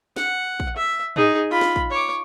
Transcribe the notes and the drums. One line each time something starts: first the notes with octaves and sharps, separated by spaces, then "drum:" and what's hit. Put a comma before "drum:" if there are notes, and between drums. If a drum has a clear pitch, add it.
F#5, drum: snare
drum: kick
E5
D#4 G#4, drum: tom
F4 B5
drum: snare
drum: kick
C#5 D6